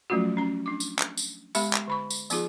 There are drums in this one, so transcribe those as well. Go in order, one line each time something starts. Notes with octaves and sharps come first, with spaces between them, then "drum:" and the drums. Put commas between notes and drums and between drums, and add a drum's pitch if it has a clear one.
F3 F#3 A3 C#4 F4 F#4
C#4 A#5
D4 D6
drum: tambourine
drum: clap
drum: tambourine
G#3 B3 G4 E5 B5, drum: tambourine
drum: clap
D3 B5 C#6
drum: tambourine
F3 B3 D#4 F4 G#4, drum: tambourine